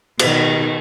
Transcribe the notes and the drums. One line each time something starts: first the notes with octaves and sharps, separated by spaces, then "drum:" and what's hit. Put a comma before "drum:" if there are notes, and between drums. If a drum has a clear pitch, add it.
B2 D#3, drum: cymbal